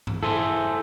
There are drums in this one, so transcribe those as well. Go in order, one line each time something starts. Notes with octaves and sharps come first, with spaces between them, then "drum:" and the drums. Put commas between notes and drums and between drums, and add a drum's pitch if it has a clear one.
drum: tom G2
E4 G#4 A4 C5